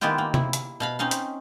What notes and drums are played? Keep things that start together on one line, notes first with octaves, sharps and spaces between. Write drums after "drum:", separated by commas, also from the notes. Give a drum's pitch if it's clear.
D#3 G#3 B3 E4 F4 G4
A#3
E4, drum: tom C3
drum: hi-hat
B2 F5 B5
C4 C#4 D#4 F5
drum: hi-hat